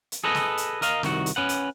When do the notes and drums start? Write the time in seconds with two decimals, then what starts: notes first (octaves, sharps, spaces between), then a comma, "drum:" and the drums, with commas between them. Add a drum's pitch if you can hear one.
0.12 drum: hi-hat
0.24 G#4 A4 B4 D#5
0.35 drum: snare
0.57 drum: hi-hat
0.82 A#4 D#5 F5, drum: hi-hat
1.03 C2 D#3 F#4, drum: snare
1.26 drum: hi-hat
1.36 C#4 B4 F#5
1.49 drum: hi-hat